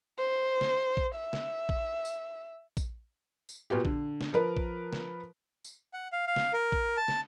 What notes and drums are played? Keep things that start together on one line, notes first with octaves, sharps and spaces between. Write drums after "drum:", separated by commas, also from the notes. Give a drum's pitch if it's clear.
C5
drum: snare
drum: kick A#1
E5
drum: snare
drum: kick A#1
drum: tambourine
drum: kick A#1, tambourine
drum: tambourine
A#2 B3 F#4 G4
D3, drum: kick A#1
drum: snare
F3 A#4 B4
drum: kick A#1
drum: snare
drum: tambourine
F#5
F5
F5
drum: snare
A#4
drum: kick A#1
A5
drum: snare